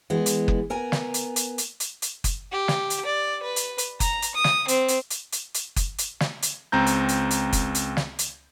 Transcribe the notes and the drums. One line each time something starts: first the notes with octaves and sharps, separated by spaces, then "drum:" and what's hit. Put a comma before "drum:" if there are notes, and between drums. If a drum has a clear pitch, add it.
E3 G#3 B3
drum: hi-hat
drum: kick F#1
B3 A#4 G#5 A#5
drum: snare
drum: hi-hat
drum: hi-hat
drum: hi-hat
drum: hi-hat
drum: hi-hat
drum: kick F#1, hi-hat
G4
drum: snare
drum: hi-hat
D5
B4
drum: hi-hat
drum: hi-hat
A#5, drum: kick F#1, hi-hat
drum: hi-hat
D#6
drum: snare
C4, drum: hi-hat
drum: hi-hat
drum: hi-hat
drum: hi-hat
drum: hi-hat
drum: kick F#1, hi-hat
drum: hi-hat
drum: snare
drum: hi-hat
C#2 C4 A#5 G6
drum: hi-hat
drum: hi-hat
drum: hi-hat
drum: kick F#1, hi-hat
drum: hi-hat
drum: snare
drum: hi-hat